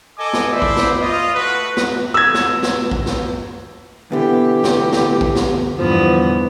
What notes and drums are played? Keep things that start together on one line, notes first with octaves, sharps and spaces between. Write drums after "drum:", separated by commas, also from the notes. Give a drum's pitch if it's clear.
A4 D#5 G#5 D6
drum: snare
E4 C5 D5 E5
drum: kick
drum: snare
F4 D#5
A3 F#4 B4
drum: snare
E6 G#6
drum: snare
drum: snare
drum: kick
drum: snare
B2 D3 E3 G4
drum: snare
drum: snare
drum: kick
drum: snare
E2 G2 F3 B3